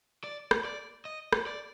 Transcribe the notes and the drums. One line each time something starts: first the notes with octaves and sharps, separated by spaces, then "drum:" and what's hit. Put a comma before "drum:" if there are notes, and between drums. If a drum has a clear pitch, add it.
D5
drum: rim click
D5
D#5
drum: rim click
D5